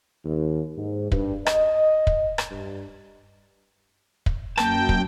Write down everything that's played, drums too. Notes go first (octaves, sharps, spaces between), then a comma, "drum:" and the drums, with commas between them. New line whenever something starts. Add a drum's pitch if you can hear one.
D#2
G#2
G2, drum: kick
D#5, drum: rim click
drum: kick
drum: rim click
G2
drum: kick
F#2 A#3 G5 A5, drum: rim click
drum: kick